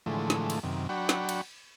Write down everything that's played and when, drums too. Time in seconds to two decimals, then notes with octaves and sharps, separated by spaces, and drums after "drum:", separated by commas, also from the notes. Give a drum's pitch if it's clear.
0.06 A2 D3 E3 F3 G#3 A3
0.30 drum: snare
0.50 drum: cymbal
0.63 F#2 C3 D#3
0.89 F#3 D4 F#5 G5 B5 C#6
1.09 drum: snare
1.29 drum: cymbal